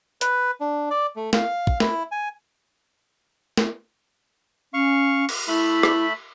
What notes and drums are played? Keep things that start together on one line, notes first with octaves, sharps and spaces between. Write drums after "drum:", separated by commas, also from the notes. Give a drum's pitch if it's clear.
B4, drum: hi-hat
D4
D5
A3
F5, drum: snare
drum: kick
E4, drum: snare
G#5
drum: snare
C#4 F5 C#6
drum: cymbal
A3 E4 E5 B5
drum: rim click